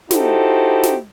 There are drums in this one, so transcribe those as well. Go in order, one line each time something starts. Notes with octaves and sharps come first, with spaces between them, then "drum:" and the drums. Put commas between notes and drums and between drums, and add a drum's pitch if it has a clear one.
D#4 E4 F#4 G4 A4 C5, drum: snare
drum: snare